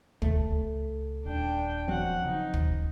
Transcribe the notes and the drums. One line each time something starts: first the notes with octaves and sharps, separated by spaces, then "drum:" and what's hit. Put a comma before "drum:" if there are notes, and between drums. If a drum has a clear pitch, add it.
C#2 A3, drum: kick
D#1 D4 G5
F3 F#3 C4 F#4 F#5
C#3 D#4
drum: kick